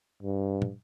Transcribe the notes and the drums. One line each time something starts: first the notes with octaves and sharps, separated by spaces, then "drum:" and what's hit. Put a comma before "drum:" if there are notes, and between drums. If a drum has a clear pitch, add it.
G2
drum: tom